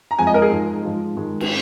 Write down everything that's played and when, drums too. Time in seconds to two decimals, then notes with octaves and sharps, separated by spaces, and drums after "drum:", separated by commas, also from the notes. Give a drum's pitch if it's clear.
0.11 A#5
0.18 F2 F3 G#3 G#5
0.27 D#5
0.34 A#4
0.42 G#4
0.50 G#2 F3 G#3
0.82 G#2 F3 G#3
1.15 G#2 D#3 G#3
1.40 drum: cymbal